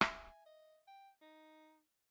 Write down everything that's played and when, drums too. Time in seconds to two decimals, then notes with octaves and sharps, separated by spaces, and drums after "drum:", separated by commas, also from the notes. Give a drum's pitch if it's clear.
0.01 E5 G#5, drum: rim click
0.46 D#5
0.87 G5
1.21 D#4